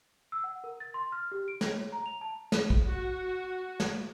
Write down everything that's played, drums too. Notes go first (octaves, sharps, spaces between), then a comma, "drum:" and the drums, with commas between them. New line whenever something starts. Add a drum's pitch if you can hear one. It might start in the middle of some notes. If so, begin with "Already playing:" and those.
E6
F#5
A#4
A6
C6
F6
G4
D7
C#5, drum: snare
A#5
F7
A5
drum: snare
drum: kick
F#4
drum: snare